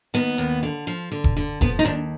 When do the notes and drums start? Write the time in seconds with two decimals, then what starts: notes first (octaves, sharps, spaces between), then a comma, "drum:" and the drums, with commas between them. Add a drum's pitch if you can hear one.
0.14 D#2 B3
0.38 D#2
0.63 D3
0.87 F3
1.12 D3
1.24 drum: kick E1
1.37 D3
1.61 F3 B3, drum: kick E1
1.79 D#4
1.85 D#2 D4